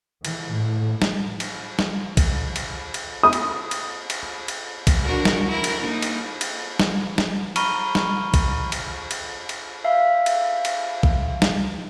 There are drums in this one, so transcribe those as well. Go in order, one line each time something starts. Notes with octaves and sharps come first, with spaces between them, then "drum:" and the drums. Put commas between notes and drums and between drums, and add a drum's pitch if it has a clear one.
E3, drum: cymbal
A2
drum: snare
drum: cymbal
drum: snare
drum: kick, cymbal
drum: cymbal
drum: cymbal
D#6
drum: cymbal
drum: cymbal
drum: cymbal
drum: cymbal
drum: kick, cymbal
D4 F#4 A#4
drum: snare
E4 A#4
drum: cymbal
A#3 D#4
drum: cymbal
drum: cymbal
drum: snare
drum: snare
A#5 B5 C#6 F6 D#7 G7, drum: cymbal
drum: snare
drum: kick, cymbal
drum: cymbal
drum: cymbal
drum: cymbal
E5 F5
drum: cymbal
drum: cymbal
drum: kick
drum: snare